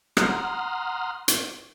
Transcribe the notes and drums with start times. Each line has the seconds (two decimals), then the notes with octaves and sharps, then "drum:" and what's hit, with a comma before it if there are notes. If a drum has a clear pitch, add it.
0.17 F#5 A#5 C6 D#6 F6, drum: rim click
1.28 drum: hi-hat